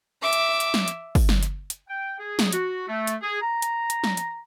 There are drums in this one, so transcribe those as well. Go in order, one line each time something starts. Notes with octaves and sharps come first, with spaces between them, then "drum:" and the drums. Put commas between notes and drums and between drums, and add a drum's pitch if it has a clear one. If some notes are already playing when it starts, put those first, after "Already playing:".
E5 D6
drum: hi-hat
drum: hi-hat
drum: snare
drum: hi-hat
drum: kick, open hi-hat
drum: snare
drum: hi-hat
drum: hi-hat
G5
G#4
drum: snare
F#4, drum: hi-hat
A3
drum: hi-hat
G#4
A#5
drum: hi-hat
drum: hi-hat
drum: snare
drum: hi-hat